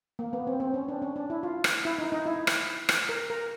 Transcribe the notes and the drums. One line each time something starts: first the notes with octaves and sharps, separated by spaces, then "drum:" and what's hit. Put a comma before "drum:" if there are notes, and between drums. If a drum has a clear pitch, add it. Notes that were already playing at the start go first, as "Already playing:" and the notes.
A#3
B3
C4
C4
C#4
D4
C#4
D4
E4
F4
drum: rim click
E4
D#4
D#4
E4
drum: rim click
drum: rim click
A#4
A#4